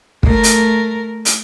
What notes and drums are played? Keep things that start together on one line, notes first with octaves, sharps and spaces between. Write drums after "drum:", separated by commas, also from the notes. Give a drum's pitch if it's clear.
A3 A#4, drum: kick
drum: hi-hat
drum: hi-hat